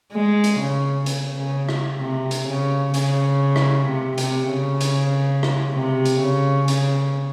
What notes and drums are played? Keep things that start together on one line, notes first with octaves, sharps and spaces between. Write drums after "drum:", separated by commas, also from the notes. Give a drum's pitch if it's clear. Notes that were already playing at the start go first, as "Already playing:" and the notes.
G#3
drum: hi-hat
C#3
C#3, drum: hi-hat
C#3
drum: rim click
C3
drum: hi-hat
C#3
C#3, drum: hi-hat
drum: rim click
C3
C3, drum: hi-hat
C#3
drum: hi-hat
drum: rim click
C3
drum: hi-hat
C#3
C#3, drum: hi-hat